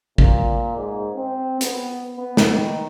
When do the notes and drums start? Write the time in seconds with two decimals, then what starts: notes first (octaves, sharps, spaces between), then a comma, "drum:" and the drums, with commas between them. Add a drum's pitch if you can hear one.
0.18 A#2, drum: kick A1
0.77 G#2
1.15 C4
1.61 B3, drum: hi-hat
2.17 B3
2.37 drum: snare
2.53 D#3